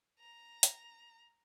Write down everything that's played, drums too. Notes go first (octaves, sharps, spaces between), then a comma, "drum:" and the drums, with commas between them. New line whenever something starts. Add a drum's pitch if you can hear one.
A#5
drum: hi-hat